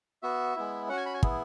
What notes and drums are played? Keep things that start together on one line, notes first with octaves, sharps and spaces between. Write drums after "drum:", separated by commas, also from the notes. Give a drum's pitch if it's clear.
B3 F#4 E5
G#3 B3 E4
C#4 F#4 F#5
G#5
B5
G#5
B3 E4 G#4, drum: kick